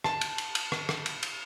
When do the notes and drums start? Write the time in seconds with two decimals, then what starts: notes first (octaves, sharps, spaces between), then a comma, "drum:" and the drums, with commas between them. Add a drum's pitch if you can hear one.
0.04 A5, drum: rim click
0.21 drum: cymbal
0.38 drum: cymbal
0.55 drum: cymbal
0.72 drum: rim click
0.89 drum: rim click
1.06 drum: cymbal
1.23 drum: cymbal